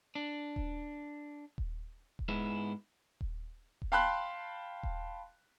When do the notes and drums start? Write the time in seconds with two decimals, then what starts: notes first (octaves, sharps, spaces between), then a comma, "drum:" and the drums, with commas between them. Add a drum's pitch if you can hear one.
0.15 D4
0.56 drum: kick D#1
1.58 drum: kick D#1
2.19 drum: kick D#1
2.29 G#2 G#3 B3 E4
3.21 drum: kick D#1
3.82 drum: kick D#1
3.92 F5 G5 A5 B5 C6 F#6
4.83 drum: kick D#1